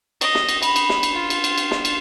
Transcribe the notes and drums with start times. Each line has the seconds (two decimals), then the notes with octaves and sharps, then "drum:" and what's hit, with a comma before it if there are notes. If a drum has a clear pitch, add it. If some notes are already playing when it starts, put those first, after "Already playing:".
0.21 D#5, drum: cymbal
0.35 drum: snare
0.49 drum: cymbal
0.63 B5, drum: cymbal
0.76 drum: cymbal
0.89 drum: snare
1.03 drum: cymbal
1.13 F4
1.30 drum: cymbal
1.44 drum: cymbal
1.58 drum: cymbal
1.71 drum: snare
1.85 drum: cymbal